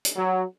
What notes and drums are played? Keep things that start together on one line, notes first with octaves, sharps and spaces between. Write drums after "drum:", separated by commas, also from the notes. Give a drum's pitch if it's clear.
drum: hi-hat
F#3